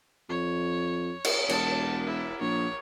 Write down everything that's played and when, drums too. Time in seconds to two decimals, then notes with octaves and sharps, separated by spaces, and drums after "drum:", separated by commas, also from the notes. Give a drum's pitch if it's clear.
0.30 F2 C#5
1.24 drum: cymbal
1.49 E1 A5, drum: cymbal
2.07 E4
2.41 A#1 C#5